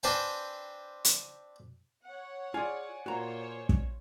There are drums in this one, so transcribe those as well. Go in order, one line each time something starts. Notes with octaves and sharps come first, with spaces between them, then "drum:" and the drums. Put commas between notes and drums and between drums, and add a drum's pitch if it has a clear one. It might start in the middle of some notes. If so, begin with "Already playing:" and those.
C4 D4 B4 C5 G5 G#5
drum: hi-hat
C#5 F#5
F4 G#4 D5 G#5
A#2 F4 F#4 C5 C#5 A#5
drum: kick